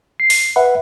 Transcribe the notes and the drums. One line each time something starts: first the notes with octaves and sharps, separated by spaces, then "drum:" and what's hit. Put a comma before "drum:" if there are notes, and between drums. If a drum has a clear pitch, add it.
C7
drum: open hi-hat
B4 E5 F#5 B5